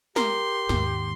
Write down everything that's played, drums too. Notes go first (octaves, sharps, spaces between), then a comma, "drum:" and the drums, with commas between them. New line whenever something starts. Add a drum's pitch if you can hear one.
G4 A#4 C6, drum: snare
D#2 G#2, drum: snare